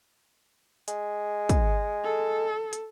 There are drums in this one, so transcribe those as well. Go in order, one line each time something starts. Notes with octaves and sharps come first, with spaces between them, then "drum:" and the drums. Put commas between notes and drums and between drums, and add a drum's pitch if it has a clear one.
G#3, drum: hi-hat
drum: kick, hi-hat
A4
drum: hi-hat